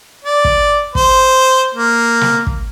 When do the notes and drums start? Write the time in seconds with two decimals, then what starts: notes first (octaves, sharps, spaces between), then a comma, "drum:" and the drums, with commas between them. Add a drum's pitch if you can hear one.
0.24 D5
0.45 drum: kick
0.95 C5, drum: kick
1.75 A#3
2.21 drum: snare
2.47 drum: kick